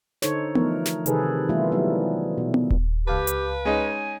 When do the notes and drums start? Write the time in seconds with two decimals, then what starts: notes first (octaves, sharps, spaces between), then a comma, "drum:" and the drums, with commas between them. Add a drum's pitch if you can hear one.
0.22 D3 D#4 A4 C5 C#5, drum: snare
0.55 E3 F3 A3 D#4 A#4, drum: tom B3
0.86 drum: snare
1.06 C3 D#3 G#4 A4 B4, drum: hi-hat
1.49 E3 G3 A3 B3 E4 F4
1.72 F#3 G3 B3 D#4
2.38 B2
2.54 drum: tom B3
2.70 drum: kick D#1
3.07 C#2 G4 B4 F5 A5
3.27 drum: hi-hat
3.65 G#3 C#4 D#4 G#5